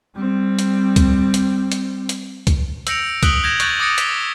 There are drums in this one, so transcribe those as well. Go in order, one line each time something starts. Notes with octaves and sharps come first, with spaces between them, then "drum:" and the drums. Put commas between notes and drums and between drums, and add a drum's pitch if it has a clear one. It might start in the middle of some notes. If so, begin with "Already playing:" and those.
G3 C4
drum: hi-hat
drum: kick C#2, hi-hat
drum: hi-hat
drum: hi-hat
drum: hi-hat
drum: kick C#2, hi-hat
E6 G6 A#6 C#7 D7 F7, drum: hi-hat
D#6 F#6 B6 D7 F#7 G7, drum: kick C#2, hi-hat
G6 G#6 A#6 E7 F#7
C#6 F#6 G6 A6 F#7, drum: hi-hat
D6 D#6 A6 A#6 C#7 D7
B6 G7, drum: hi-hat